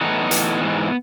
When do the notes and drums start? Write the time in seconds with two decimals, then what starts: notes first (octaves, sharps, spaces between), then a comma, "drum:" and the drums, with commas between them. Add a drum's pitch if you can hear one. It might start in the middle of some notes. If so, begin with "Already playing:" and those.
0.01 A2 E3 B3 D#4
0.31 A2 E3, drum: hi-hat
0.61 G#2 E3